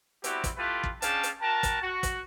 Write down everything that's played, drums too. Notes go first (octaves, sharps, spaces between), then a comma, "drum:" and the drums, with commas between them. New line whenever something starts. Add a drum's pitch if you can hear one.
G3 B3 C4 E4 F#4 G4, drum: hi-hat
drum: kick, hi-hat
A3 E4 F4 G4 B4
drum: kick
C#4 D4 G#4 F5 G5 A5, drum: hi-hat
drum: hi-hat
F#4 A#4 G5 A5
drum: kick, hi-hat
F#4
drum: kick, hi-hat